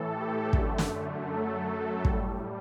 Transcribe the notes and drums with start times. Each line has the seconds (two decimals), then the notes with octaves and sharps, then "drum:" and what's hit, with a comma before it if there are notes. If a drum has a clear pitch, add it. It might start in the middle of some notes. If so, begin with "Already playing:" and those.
Already playing: A2 E3 A3 A4
0.15 G4
0.53 F#2 D3 A3, drum: kick
0.78 drum: snare
1.29 F#2 F#3 A3 A4
2.05 A2 G3, drum: kick